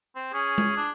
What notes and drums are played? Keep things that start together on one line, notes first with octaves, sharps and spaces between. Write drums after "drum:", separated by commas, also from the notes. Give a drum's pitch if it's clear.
C4
C#4 G#4
drum: tom G#3
D4